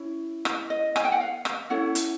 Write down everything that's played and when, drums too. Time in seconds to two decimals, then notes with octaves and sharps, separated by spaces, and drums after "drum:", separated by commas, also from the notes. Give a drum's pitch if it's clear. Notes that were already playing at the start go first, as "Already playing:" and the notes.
Already playing: C#4 E4
0.45 drum: rim click
0.70 D#5
0.96 G#5, drum: rim click
1.04 G5
1.12 F#5
1.20 F5
1.45 drum: rim click
1.70 C#4 E4 A4 F#5
1.95 drum: hi-hat